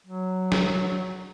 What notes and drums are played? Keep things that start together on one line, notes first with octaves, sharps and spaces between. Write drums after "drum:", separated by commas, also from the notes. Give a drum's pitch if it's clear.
F#3
drum: snare